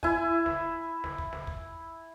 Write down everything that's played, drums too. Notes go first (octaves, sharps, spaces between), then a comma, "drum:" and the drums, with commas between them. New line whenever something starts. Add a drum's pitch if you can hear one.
E4 G#5, drum: kick
drum: snare
drum: snare
drum: kick
drum: snare
drum: kick